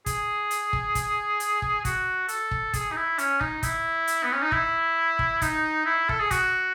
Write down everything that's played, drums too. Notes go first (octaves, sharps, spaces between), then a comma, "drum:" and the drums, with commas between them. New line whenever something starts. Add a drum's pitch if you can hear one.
G#4, drum: kick, hi-hat
drum: hi-hat
drum: kick
drum: kick, hi-hat
drum: hi-hat
drum: kick
F#4, drum: kick, hi-hat
A4, drum: hi-hat
drum: kick
G#4, drum: kick, hi-hat
D#4
E4
C#4, drum: hi-hat
D#4, drum: kick
E4, drum: kick, hi-hat
drum: hi-hat
B3
C#4
D#4
E4, drum: kick
drum: kick
D#4, drum: kick, hi-hat
E4
A4, drum: kick
G#4
F#4, drum: kick, hi-hat